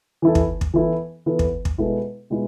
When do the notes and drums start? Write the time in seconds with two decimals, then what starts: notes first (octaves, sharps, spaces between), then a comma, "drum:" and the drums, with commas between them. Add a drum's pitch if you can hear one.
0.22 E3 B3 E4 A4
0.35 drum: kick
0.61 drum: kick
0.74 E3 B3 E4 A4
1.26 E3 B3 E4 A4
1.39 drum: kick
1.65 drum: kick
1.78 B2 G#3 B3 E4 A4
2.30 B2 G#3 B3 E4